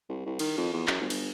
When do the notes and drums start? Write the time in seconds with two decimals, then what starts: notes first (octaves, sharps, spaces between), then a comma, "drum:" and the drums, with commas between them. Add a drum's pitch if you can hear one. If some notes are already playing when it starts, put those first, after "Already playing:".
0.09 C2
0.25 C2
0.39 D#3, drum: cymbal
0.57 F2
0.73 E2
0.87 F#2, drum: clap
1.01 G1
1.10 drum: cymbal